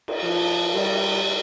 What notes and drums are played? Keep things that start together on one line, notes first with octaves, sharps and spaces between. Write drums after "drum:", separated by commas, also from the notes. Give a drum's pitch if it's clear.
drum: cymbal
F3
G3, drum: cymbal